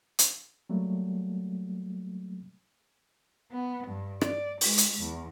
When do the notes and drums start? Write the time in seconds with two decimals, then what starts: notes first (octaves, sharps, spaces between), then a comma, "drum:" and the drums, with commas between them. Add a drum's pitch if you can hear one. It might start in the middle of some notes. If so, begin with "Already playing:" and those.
0.19 drum: hi-hat
0.70 F#3 G3 A3 A#3
3.51 B3
3.87 G2
4.21 D5, drum: rim click
4.61 G#3, drum: open hi-hat
4.78 drum: hi-hat
4.99 E2